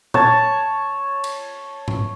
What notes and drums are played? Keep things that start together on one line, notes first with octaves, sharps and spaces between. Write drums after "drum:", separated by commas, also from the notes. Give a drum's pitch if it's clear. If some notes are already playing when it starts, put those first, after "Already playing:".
C#5 A5, drum: tom A#2
drum: cymbal
drum: tom G#2